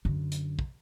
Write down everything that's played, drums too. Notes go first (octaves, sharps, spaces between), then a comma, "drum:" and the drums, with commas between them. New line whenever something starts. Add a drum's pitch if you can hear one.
F#2 D3
drum: hi-hat
drum: kick